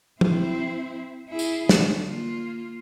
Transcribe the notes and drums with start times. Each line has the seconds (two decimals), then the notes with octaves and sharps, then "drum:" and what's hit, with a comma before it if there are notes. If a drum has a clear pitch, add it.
0.21 C4 E4, drum: tom
1.29 E4 G#4
1.39 drum: tambourine
1.69 D3, drum: snare
2.07 A#3 F4